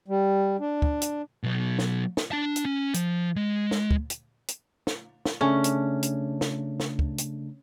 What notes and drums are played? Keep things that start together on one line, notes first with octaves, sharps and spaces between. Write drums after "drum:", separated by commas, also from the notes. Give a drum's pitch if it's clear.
G3
D4
drum: kick
drum: hi-hat
B2 F#3
drum: snare
drum: snare
D4 A5
drum: hi-hat
C#4
F3, drum: hi-hat
G#3
drum: snare
drum: kick
drum: hi-hat
drum: hi-hat
drum: snare
drum: snare
C#3 A3 C#4 D4
drum: hi-hat
drum: hi-hat
drum: snare
drum: snare
drum: kick
drum: hi-hat